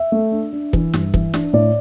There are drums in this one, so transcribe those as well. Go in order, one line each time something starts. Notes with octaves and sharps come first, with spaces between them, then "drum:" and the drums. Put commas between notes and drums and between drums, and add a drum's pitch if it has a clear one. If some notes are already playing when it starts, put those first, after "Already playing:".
Already playing: E5
A3
D4
D4
E3, drum: kick
G2, drum: snare
E3, drum: kick
D4, drum: snare
A2 D5